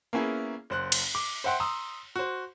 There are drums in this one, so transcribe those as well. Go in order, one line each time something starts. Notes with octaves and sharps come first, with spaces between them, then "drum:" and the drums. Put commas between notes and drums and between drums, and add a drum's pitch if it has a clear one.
A#3 B3 C#4 E4 G#4 A#4
F#1 C5 F#6
drum: cymbal
D6
C5 E5 F#5 G5 C6
A#5 C6 D#6 E6
F#4 C5